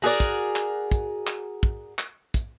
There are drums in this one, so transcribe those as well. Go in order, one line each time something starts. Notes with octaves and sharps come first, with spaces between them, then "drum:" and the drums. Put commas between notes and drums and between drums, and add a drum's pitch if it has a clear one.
F#4 G#4 A#4 D5
drum: kick, hi-hat
drum: clap
drum: kick, hi-hat
drum: clap
drum: kick
drum: clap
drum: kick, hi-hat